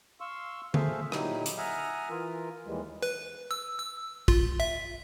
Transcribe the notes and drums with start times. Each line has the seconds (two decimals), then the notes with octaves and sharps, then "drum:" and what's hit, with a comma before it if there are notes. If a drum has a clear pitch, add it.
0.20 F5 C6 C#6 E6
0.74 G#4 A4 C5 E5 F5, drum: tom D3
1.12 A#2 F#3 D#4 E4 G4, drum: rim click
1.46 drum: hi-hat
1.58 E5 F#5 G#5 A#5 D#6 F6
2.10 E3 F4 A#4
2.66 D#2 E3 G3 G#3
3.02 B4
3.51 E6
3.79 E6
4.28 F4, drum: kick
4.60 E5